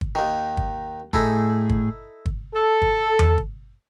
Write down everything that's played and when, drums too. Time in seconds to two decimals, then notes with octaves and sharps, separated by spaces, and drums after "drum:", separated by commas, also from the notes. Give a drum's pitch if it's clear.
0.01 drum: kick
0.15 D#2 D#3
0.57 drum: kick
1.13 A2 D#4 E4 G#4 A4, drum: kick
1.69 drum: kick
2.26 drum: kick
2.54 A4
2.82 drum: kick
3.19 drum: tom E2
3.38 drum: kick